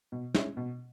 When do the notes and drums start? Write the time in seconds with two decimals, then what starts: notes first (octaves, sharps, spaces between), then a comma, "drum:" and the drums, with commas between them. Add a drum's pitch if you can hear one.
0.12 B2
0.35 G#3 C#4 E4, drum: snare
0.57 B2